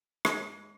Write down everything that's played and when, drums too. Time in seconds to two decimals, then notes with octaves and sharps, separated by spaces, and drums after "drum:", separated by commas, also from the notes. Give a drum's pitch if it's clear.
0.25 G#3, drum: rim click